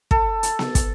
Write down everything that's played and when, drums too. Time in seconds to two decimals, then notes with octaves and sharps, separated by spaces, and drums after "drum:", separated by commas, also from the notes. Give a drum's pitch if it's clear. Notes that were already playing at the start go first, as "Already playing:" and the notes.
0.11 A4, drum: kick
0.43 drum: hi-hat
0.59 drum: snare B3
0.75 drum: kick, hi-hat